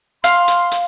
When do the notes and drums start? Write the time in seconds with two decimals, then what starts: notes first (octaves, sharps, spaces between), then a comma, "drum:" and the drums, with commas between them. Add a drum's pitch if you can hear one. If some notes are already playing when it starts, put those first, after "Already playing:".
0.24 F5 C6, drum: hi-hat
0.48 drum: hi-hat
0.71 drum: hi-hat